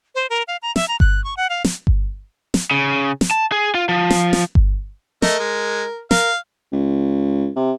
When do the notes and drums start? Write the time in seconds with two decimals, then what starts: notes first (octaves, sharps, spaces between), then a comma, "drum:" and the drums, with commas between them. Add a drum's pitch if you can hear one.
0.15 C5
0.30 A#4
0.48 F5
0.62 A#5
0.76 E5, drum: snare
0.88 A#5
1.00 F#6, drum: kick G1
1.24 C#6
1.37 F#5
1.50 F5
1.64 drum: snare
1.87 drum: kick G1
2.54 drum: snare
2.71 C#3
3.21 drum: snare
3.31 A5
3.52 G#4
3.75 F4
3.89 F3
4.10 drum: snare
4.33 drum: snare
4.55 drum: kick G1
5.22 A3 A#4 D#5, drum: snare
5.39 G#3
6.11 A#4 F5, drum: snare
6.72 C#2
7.56 C3